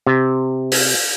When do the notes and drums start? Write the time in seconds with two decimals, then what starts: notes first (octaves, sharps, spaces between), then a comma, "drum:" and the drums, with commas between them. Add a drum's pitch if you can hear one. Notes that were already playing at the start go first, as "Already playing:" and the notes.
0.07 C3
0.71 drum: open hi-hat